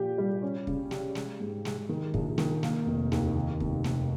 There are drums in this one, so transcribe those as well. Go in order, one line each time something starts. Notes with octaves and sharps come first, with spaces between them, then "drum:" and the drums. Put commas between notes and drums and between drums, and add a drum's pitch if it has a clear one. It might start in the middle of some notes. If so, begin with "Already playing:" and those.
Already playing: A#2 F3 G4
G3
C#4
C#3, drum: kick
G4, drum: snare
G#3, drum: snare
G#2
G#3, drum: snare
D#3
A#1, drum: kick
D#3, drum: snare
A#3, drum: snare
F1
D#2, drum: snare
D#3
F1, drum: kick
F1, drum: snare